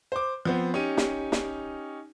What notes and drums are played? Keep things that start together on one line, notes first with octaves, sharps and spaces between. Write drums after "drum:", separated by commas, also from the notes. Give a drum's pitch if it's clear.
C5 D6
F3 B3 C4
C#4 D#4 G4 D#7
drum: snare
drum: snare